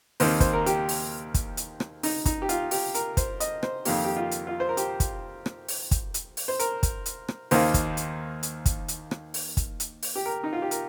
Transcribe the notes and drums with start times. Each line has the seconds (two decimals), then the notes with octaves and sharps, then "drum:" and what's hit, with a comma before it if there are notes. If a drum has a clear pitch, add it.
0.20 D#2 D#3 C4 C5, drum: open hi-hat
0.40 C5, drum: kick, hi-hat
0.53 A#4
0.66 G4, drum: hi-hat
0.89 drum: open hi-hat
1.34 drum: kick, hi-hat
1.57 drum: hi-hat
1.80 drum: rim click
2.03 D#4, drum: open hi-hat
2.25 D#4, drum: kick, hi-hat
2.42 G4
2.49 F4, drum: hi-hat
2.71 G4, drum: open hi-hat
2.95 A#4, drum: hi-hat
3.17 C5, drum: kick, hi-hat
3.40 D#5, drum: hi-hat
3.63 C5, drum: rim click
3.85 F2 D#3 A#3 G4, drum: open hi-hat
4.05 G4
4.16 F4
4.31 drum: hi-hat
4.47 F4
4.60 C5
4.69 A#4
4.77 G4, drum: hi-hat
5.00 drum: kick, hi-hat
5.46 drum: rim click
5.69 drum: open hi-hat
5.91 drum: kick, hi-hat
6.14 drum: hi-hat
6.37 drum: open hi-hat
6.48 C5
6.59 A#4, drum: hi-hat
6.83 drum: kick, hi-hat
7.06 drum: hi-hat
7.28 drum: rim click
7.51 D#2 D#3 A#3 C5, drum: open hi-hat
7.74 drum: kick, hi-hat
7.97 drum: hi-hat
8.43 drum: hi-hat
8.66 drum: kick, hi-hat
8.88 drum: hi-hat
9.11 drum: rim click
9.34 drum: open hi-hat
9.57 drum: kick, hi-hat
9.80 drum: hi-hat
10.03 drum: open hi-hat
10.16 G4
10.26 A#4
10.44 D#4
10.53 F4
10.62 G4
10.71 A#4, drum: hi-hat